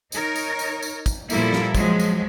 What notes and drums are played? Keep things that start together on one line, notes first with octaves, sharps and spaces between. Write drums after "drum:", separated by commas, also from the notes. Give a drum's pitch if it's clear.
D#4 A#4 C#5, drum: tambourine
drum: tambourine
drum: tambourine
drum: tambourine
drum: kick, tambourine
A#2 F3 G3 A#3 E4 A4, drum: tambourine
drum: snare
F3 F#3 G#3, drum: kick, tambourine
drum: tambourine